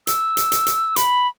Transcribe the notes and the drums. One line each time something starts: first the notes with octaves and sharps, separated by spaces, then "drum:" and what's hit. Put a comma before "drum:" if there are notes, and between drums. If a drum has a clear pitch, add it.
E6, drum: hi-hat
drum: hi-hat
drum: hi-hat
drum: hi-hat
B5, drum: hi-hat